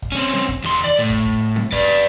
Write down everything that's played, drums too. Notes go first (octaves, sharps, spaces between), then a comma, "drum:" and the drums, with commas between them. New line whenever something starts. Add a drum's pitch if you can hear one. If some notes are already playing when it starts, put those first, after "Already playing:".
drum: kick, hi-hat
C4 C#4
drum: snare C4
drum: kick, hi-hat
E2 C6, drum: hi-hat
D5
A2
drum: kick, hi-hat
drum: kick
drum: hi-hat
drum: snare C4
B4 D5, drum: kick, hi-hat
drum: hi-hat